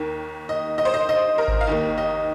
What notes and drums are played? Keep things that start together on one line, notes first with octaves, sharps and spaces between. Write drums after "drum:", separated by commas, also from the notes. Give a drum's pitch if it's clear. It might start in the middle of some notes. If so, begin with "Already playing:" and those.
Already playing: D#2 D#3 A#3
D#5
D#5
C5
D#5
D#5
A#4
drum: kick G#1
F5
D#2 D#3 A#3 D#5
D#5